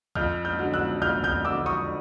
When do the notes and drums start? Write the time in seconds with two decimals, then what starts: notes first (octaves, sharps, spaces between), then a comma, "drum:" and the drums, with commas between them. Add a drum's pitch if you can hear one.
0.15 F2 F6 G6, drum: kick C2
0.45 F6 G6
0.59 D3 F#3
0.74 E6 F#6
1.01 F2 F6 G6
1.24 F6 G6, drum: kick C2
1.45 D3 F#3 D6 E6
1.66 C#6 D#6